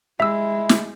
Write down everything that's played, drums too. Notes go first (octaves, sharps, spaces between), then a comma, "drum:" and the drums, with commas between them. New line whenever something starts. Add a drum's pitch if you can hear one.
G#3 E4 E5 E6
drum: snare